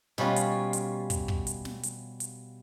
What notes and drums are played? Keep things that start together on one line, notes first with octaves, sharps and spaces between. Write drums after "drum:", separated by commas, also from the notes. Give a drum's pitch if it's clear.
B2 G3 C#4 F4, drum: snare
drum: hi-hat
drum: hi-hat
drum: kick, hi-hat
drum: kick
drum: hi-hat
drum: snare
drum: hi-hat
drum: hi-hat